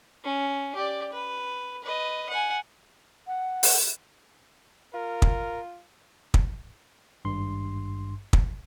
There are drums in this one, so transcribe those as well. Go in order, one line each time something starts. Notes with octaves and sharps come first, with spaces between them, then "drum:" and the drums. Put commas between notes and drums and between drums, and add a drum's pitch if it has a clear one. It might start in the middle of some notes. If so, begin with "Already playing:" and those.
C#4
G4 D5
B4
B4 D#5
F#5 G#5
F#5
drum: open hi-hat
F4 A#4
drum: kick
drum: kick
G#1 G2 C6
drum: kick